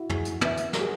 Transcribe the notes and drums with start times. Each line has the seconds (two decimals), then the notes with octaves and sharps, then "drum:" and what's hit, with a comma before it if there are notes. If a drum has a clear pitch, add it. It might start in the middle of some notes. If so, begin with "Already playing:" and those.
Already playing: E4 F#4 E5
0.09 G#4, drum: tom
0.25 drum: hi-hat
0.41 B4 E5, drum: tom
0.57 drum: hi-hat
0.73 F#4 A#4, drum: snare
0.81 G#4